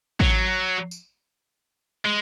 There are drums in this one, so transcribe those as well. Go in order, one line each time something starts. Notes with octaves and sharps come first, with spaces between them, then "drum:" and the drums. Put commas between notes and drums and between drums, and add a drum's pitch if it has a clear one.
F#3, drum: kick
drum: tambourine
G#3